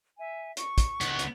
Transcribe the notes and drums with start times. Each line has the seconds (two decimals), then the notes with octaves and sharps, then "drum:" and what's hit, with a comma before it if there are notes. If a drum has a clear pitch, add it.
0.17 E5 G#5
0.57 C#6, drum: hi-hat
0.78 drum: kick, hi-hat
1.01 C#2 B3, drum: hi-hat
1.19 drum: hi-hat